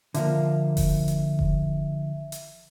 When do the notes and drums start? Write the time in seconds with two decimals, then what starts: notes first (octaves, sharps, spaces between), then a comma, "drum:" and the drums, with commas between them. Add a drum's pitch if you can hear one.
0.14 D3 F3 A#3 E5, drum: hi-hat
0.77 drum: kick F1, open hi-hat
1.08 drum: hi-hat
1.39 drum: kick F1
2.32 drum: hi-hat